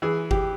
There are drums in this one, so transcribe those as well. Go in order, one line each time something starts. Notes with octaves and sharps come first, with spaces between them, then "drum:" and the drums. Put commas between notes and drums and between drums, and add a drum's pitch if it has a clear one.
E3 G#4
G4, drum: kick G1